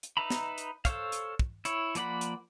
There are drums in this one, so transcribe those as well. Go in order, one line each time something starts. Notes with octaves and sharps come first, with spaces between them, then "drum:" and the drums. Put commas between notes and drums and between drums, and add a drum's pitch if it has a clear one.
drum: hi-hat
D#4 B4 E5 A#5 B5
drum: snare
drum: hi-hat
A4 C5 C#5 F5, drum: kick, hi-hat
drum: hi-hat
drum: kick
E4 C#5, drum: hi-hat
F3 A#3 D5 F#5 B5, drum: hi-hat
drum: hi-hat